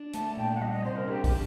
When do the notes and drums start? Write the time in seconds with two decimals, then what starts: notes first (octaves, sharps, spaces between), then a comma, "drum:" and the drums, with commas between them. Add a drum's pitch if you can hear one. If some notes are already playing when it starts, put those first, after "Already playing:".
Already playing: D4
0.13 A3 A5, drum: hi-hat
0.37 A#2 G5
0.55 F#5
0.61 G3 D#5
0.72 D#5
0.84 C3 C5
0.96 A#4
1.08 D4 G4
1.24 G4, drum: kick, open hi-hat